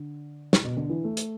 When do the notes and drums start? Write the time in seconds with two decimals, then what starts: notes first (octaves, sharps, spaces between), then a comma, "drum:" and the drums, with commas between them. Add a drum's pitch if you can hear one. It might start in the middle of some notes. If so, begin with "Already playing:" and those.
Already playing: D3
0.53 drum: snare
0.64 B2
0.77 D3
0.90 E3
1.04 A3
1.17 drum: hi-hat